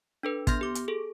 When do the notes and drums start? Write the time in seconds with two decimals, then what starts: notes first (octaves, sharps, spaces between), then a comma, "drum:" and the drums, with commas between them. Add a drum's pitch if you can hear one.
0.23 D4 A4 B4
0.47 B3 C6 F6 G6 A#6, drum: kick, hi-hat
0.61 G4 D6
0.75 drum: hi-hat
0.88 G#4 A4